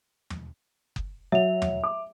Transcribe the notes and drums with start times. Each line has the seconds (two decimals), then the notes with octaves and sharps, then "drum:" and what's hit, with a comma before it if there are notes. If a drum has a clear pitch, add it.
0.30 drum: tom
0.96 drum: kick F#1
1.32 F#3 E5 F7
1.62 drum: tom
1.84 D6